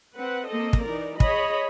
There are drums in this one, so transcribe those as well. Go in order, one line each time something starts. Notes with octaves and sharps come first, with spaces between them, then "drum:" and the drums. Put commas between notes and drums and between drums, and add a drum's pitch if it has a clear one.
C4 B4 F#5
A#3 C4 A4 D#5
drum: kick
E3 D#4 A#4 D5
G#4 C#5 D#5 B5, drum: kick